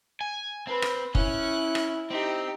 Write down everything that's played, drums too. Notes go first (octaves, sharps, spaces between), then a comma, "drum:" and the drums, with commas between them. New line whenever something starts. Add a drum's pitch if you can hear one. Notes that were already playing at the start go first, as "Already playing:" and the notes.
G#5
C4 B4 B5
drum: rim click
C#4 E4 F#6, drum: kick
drum: rim click
C4 D#4 G4